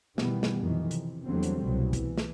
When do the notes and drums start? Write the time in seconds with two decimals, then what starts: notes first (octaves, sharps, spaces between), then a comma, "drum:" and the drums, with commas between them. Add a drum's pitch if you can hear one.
0.18 B2 D#3 E3 G3 B3, drum: snare
0.43 drum: snare
0.60 F2 A#2 D#3 E3
0.91 C3, drum: hi-hat
1.26 E2 D3 F#3 G3 A3 C4
1.43 drum: hi-hat
1.64 C2 B2 F#3
1.93 E3, drum: kick, hi-hat
2.17 drum: snare